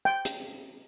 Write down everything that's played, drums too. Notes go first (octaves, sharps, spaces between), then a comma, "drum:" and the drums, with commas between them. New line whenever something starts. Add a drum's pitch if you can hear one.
G5
drum: hi-hat